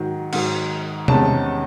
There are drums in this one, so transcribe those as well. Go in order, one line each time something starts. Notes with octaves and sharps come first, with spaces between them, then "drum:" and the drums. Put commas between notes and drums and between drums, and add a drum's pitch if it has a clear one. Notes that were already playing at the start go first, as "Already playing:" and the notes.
Already playing: G#2 D#3 F#3
G#2 D#3 F#3, drum: cymbal
E2 C3 D#3 G#3 C#4 A5, drum: tom C3